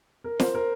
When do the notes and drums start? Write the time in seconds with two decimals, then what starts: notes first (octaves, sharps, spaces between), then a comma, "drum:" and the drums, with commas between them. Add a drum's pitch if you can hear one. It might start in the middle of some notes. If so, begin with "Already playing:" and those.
0.24 A#4
0.40 C5, drum: snare
0.55 A#4